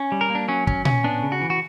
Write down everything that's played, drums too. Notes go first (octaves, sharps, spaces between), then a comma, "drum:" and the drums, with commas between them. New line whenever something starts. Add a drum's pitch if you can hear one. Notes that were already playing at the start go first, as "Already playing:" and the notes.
Already playing: C#4
G3
A#4
A#3
D4
F#3 C#4
C#4, drum: kick
C#4, drum: tom A#2
B3 D4
C#3
F#4
E3
F#4